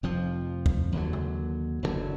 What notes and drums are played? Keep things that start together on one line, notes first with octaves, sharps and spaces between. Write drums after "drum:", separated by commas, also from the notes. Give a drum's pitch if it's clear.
F1 F2 F3
drum: kick
D#2 D3 F#3
drum: tom C#3
F#1 F#2 D3 F#3